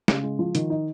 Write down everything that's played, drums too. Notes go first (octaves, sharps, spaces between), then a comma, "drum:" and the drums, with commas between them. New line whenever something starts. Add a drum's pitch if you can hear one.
C#3, drum: snare
G#3
F3
D#3, drum: hi-hat
D#4